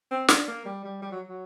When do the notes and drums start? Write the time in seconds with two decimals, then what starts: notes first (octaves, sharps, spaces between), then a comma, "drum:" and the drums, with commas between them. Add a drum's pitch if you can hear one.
0.11 C4
0.28 D4, drum: snare
0.48 A#3
0.65 G3
0.84 G3
1.02 G3
1.11 F#3
1.27 F#3